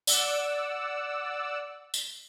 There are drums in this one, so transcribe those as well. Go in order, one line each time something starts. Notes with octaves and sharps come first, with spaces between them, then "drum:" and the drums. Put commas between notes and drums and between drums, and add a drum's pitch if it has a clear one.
D5 F#5 E6, drum: tambourine
drum: tambourine